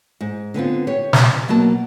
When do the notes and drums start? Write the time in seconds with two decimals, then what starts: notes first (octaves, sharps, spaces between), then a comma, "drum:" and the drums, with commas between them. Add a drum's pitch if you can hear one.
0.21 G#2
0.54 D3 B3 C4 F4
0.87 G4 C#5
1.13 drum: snare
1.48 B2 F#3 A#3 A5